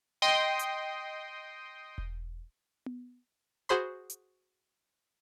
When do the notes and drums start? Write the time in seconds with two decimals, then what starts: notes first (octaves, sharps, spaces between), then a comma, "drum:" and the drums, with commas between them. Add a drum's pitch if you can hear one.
0.22 D#5 G5 C6 D#6
0.59 drum: hi-hat
1.98 drum: kick E1
2.86 drum: tom B3
3.69 F#4 G#4 C5 B5 C6
4.10 drum: hi-hat